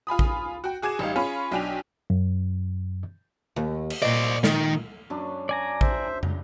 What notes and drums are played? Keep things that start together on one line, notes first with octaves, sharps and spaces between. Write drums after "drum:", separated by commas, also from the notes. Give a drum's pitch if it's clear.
F4 G#5 B5 D#6
drum: kick A1
F#4 G5
F#4 G#4 D6 G#6 E7
A1 G3 D#4 F5
C#4 F4 G#4 C#5 B5
B1 D4 G5 G#5 F7
F#2
D#2
drum: cymbal
A#2 C5 D5 D#5
D#3, drum: snare
F#2 D4
D5 G#5 A#5
C5 E5, drum: kick A1
drum: tom